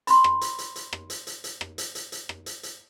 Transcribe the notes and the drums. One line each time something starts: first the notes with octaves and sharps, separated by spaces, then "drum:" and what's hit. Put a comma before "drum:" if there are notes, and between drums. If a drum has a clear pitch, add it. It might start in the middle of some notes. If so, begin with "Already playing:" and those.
B5 C6, drum: hi-hat
drum: rim click
drum: hi-hat
drum: hi-hat
drum: hi-hat
drum: rim click
drum: hi-hat
drum: hi-hat
drum: hi-hat
drum: rim click
drum: hi-hat
drum: hi-hat
drum: hi-hat
drum: rim click
drum: hi-hat
drum: hi-hat